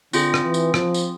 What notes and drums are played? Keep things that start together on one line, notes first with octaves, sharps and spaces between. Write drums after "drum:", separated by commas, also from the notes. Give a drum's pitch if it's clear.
D3 C4 F4 G#4, drum: tambourine
drum: rim click
E3
drum: tambourine
F3, drum: rim click
drum: tambourine